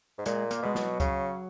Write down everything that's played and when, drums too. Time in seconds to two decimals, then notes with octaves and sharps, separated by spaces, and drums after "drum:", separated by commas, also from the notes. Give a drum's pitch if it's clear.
0.18 G#2
0.26 A#2 G#3, drum: hi-hat
0.51 A#3, drum: hi-hat
0.63 B2 G#3
0.75 F#3, drum: snare
1.00 C#3, drum: kick C#2, hi-hat